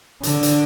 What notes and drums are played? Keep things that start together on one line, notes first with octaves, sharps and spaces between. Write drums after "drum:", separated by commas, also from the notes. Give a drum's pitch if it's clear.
D3, drum: hi-hat
drum: hi-hat